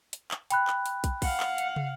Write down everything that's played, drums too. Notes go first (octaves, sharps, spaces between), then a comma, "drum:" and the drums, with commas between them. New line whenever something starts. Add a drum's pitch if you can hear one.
drum: hi-hat
drum: clap
G5 B5 F#6, drum: hi-hat
drum: clap
drum: hi-hat
drum: kick, hi-hat
F5 F#5, drum: kick, open hi-hat
drum: clap
drum: hi-hat
drum: tom